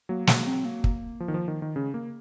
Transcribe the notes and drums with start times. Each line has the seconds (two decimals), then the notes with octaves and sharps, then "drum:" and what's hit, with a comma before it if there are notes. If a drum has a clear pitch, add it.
0.09 F#3 A#3
0.27 A#3, drum: snare
0.47 C4
0.65 A#3
0.84 drum: kick
1.20 F3
1.28 D#3
1.34 F3
1.48 D#3
1.62 D#3
1.76 C#3 G#3
1.89 D#3
1.94 C#3 A#3